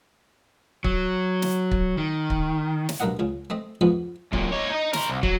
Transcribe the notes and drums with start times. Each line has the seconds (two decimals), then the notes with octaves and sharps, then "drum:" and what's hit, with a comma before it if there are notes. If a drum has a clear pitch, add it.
0.84 F#3, drum: kick
1.42 drum: snare
1.71 drum: kick
1.97 D#3
2.30 drum: kick
2.89 drum: snare
3.00 B1 G2 A#3 A#4 D#5 F#5
3.19 C#2 C#3
3.50 A3 C4 D#5
3.81 F2 G#2 C3 F3 B3
4.33 F#2 A#2, drum: kick
4.53 D#4 C#5
4.70 D#4 D#5
4.93 A#4 C5, drum: snare
5.10 C2
5.23 F#3, drum: kick